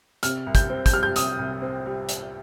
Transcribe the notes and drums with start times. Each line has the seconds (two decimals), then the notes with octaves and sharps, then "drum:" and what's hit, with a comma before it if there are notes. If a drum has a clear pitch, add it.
0.23 C3 F6, drum: hi-hat
0.47 C2
0.55 G6, drum: kick, hi-hat
0.70 C4
0.86 G6, drum: kick, hi-hat
0.93 G3 F6
1.03 G6
1.16 C3 D#6, drum: hi-hat
1.39 C2
1.62 C4
1.86 G3
2.09 drum: hi-hat